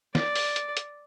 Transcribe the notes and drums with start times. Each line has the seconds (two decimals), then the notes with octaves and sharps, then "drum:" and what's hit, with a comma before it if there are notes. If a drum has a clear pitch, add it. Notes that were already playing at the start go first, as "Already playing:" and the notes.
0.15 D5, drum: snare
0.36 drum: open hi-hat
0.56 drum: hi-hat
0.77 drum: hi-hat